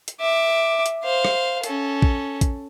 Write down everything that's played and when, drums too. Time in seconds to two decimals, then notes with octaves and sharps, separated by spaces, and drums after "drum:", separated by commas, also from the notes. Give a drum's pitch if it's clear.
0.08 drum: hi-hat
0.20 E5 D6
0.86 drum: hi-hat
1.04 C5 F5
1.25 drum: rim click
1.63 C#4 A4, drum: hi-hat
2.02 drum: kick A#1
2.41 drum: kick A#1, hi-hat